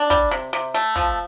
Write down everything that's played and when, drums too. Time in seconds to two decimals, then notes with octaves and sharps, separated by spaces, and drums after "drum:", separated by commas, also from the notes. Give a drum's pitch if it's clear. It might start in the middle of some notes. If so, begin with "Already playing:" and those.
Already playing: D4
0.10 G3, drum: kick
0.31 C3
0.53 C3
0.74 A3
0.96 F3, drum: kick